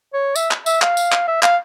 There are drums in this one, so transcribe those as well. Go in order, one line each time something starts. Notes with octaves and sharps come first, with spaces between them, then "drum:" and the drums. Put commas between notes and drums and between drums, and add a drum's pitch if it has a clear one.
C#5
E5, drum: tambourine
drum: clap
E5, drum: tambourine
F5, drum: clap
drum: tambourine
drum: clap
E5
F5, drum: clap